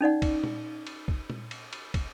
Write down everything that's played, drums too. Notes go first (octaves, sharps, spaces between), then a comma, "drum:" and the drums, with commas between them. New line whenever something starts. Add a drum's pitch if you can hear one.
C#4 D#4 D5 F#5
drum: kick, cymbal
drum: tom A#2
drum: cymbal
drum: kick
drum: tom A#2
drum: cymbal
drum: cymbal
drum: kick, cymbal